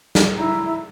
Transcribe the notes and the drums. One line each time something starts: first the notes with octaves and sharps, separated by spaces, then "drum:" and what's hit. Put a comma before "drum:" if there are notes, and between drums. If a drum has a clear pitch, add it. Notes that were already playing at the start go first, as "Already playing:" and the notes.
drum: snare
E4 A#5